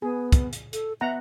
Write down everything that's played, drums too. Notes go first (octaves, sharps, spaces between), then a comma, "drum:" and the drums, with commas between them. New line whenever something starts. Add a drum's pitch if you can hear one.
B3 G#4
drum: kick, hi-hat
drum: hi-hat
A4, drum: hi-hat
B3 E5 F#5 A#5